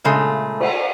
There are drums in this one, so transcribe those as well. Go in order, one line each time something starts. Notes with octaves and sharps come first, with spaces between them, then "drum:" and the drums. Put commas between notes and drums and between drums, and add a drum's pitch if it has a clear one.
A#2 C#3 G#3 A3
drum: cymbal